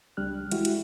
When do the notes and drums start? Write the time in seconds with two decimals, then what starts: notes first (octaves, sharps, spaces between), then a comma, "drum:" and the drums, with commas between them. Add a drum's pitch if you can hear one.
0.17 C#2 G3 D4 F6 F#6
0.51 E3 G#3 E4 F#4 G4, drum: hi-hat
0.65 drum: hi-hat